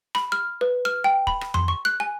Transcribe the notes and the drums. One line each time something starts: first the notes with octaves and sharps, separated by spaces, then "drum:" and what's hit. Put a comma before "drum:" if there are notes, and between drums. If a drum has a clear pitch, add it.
B5, drum: rim click
F6
B4
F6
G5
B5, drum: kick
drum: rim click
C6, drum: tom F2
C#6
F#6
G#5